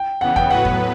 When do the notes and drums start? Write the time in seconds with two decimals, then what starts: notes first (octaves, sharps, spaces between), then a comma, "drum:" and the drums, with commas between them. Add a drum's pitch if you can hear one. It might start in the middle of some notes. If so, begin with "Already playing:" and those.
Already playing: G5
0.21 C#3 E3 B3 F#5
0.36 G5, drum: kick E2
0.50 A2 F#3 B3 F#4 B4 F#5
0.65 drum: kick E2